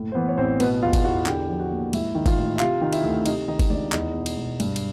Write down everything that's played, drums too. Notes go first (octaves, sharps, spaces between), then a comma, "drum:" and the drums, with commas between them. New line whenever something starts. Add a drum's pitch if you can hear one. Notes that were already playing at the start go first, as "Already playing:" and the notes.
Already playing: F#1 A2
C5
E3 B3 B4
C#5
A1 C4 C5
B2 B3 B4, drum: cymbal
E2 F4 F5
drum: kick G1, cymbal
E2 F#4 F#5
D3 G4 G5, drum: clap
F3
F#4 F#5
D#2
G#2 E4 E5, drum: cymbal
D#3
F4 F5, drum: kick G1, cymbal
A1
E5
C3 F4 F5, drum: clap
D#3
E4 E5, drum: cymbal
D2
C3 D#4 D#5, drum: cymbal
D#3 D#4 D#5
drum: kick G1, cymbal
C#2 D4 D5
E2 D#4 D#5, drum: clap
B2
drum: cymbal
E1
G2, drum: cymbal
drum: cymbal